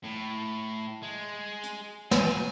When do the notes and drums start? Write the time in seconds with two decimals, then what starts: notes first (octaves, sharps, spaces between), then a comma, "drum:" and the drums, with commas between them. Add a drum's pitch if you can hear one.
0.04 A2
1.02 G#3
1.64 drum: hi-hat
2.11 G#5, drum: snare